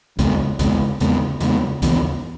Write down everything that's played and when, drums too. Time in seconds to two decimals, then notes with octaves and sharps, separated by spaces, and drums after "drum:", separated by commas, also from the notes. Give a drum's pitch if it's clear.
0.19 E2 C#3 G#3 B3, drum: kick B1, hi-hat
0.59 E2 C#3 G#3 B3, drum: kick B1, hi-hat
1.00 E2 C#3 G#3 B3, drum: hi-hat
1.41 E2 C#3 G#3 B3, drum: hi-hat
1.82 D#2 C#3 E3 B3, drum: kick B1, hi-hat